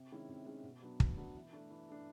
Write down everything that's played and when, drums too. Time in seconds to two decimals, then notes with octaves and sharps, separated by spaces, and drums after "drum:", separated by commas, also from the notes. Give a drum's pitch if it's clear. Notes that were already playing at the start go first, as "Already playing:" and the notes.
Already playing: C3
0.12 D#3 G#3 C#4 E4
0.29 C3
0.46 D#3 G#3 C#4 E4
0.64 B2
0.82 F#3 B3 D4
1.00 B2, drum: kick
1.17 F#3 B3 D4
1.35 E3
1.53 A3 D4
1.70 E3
1.89 A3 D4